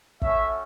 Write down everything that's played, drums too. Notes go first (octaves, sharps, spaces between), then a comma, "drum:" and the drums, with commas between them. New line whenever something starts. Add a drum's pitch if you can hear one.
A3 C#4 F#4 C#5 E5, drum: kick